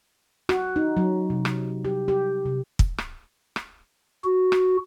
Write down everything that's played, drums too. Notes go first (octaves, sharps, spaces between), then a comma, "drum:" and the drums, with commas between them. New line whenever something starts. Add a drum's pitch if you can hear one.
F#4, drum: rim click
D#4
F#3
C3
drum: rim click
G4
G4
C3
drum: kick
drum: rim click
drum: rim click
F#4
drum: rim click